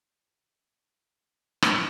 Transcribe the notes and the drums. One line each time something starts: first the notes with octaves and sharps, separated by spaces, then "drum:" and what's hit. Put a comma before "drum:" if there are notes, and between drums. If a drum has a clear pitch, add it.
C5
D5
C5
F4
G4
D#4
D4
D#4
D4
C4
A#3
C4
drum: rim click